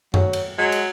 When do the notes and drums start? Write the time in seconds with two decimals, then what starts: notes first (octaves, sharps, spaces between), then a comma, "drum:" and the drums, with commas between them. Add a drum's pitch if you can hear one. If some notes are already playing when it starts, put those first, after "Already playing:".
0.14 F#3, drum: tom F#2
0.33 drum: cymbal
0.58 F#3 G#3
0.72 drum: cymbal